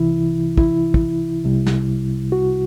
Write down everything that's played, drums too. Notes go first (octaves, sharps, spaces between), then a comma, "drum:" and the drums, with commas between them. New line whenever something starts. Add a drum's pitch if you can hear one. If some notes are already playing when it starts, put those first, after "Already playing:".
Already playing: C2 C3 E3 E4
E4, drum: kick
drum: kick
C2 C3 G3
drum: snare
F#4